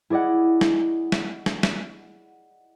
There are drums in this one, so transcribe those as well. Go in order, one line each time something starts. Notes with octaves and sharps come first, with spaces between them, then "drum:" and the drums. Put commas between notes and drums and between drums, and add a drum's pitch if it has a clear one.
E4 G#4 D5 D#5 F#5
drum: snare
drum: snare
drum: snare
drum: snare